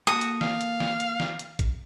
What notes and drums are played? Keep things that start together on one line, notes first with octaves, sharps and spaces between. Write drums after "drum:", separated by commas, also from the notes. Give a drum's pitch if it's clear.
A#3 F#4 A4 D#6
drum: hi-hat
F5, drum: snare
drum: hi-hat
drum: snare
drum: hi-hat
drum: snare
drum: hi-hat
drum: kick, hi-hat